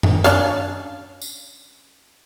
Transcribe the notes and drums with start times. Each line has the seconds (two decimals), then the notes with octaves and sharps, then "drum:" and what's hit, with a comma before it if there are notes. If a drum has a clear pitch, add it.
0.03 drum: tom F#2
0.24 C#4 D4 F5, drum: hi-hat
1.21 drum: tambourine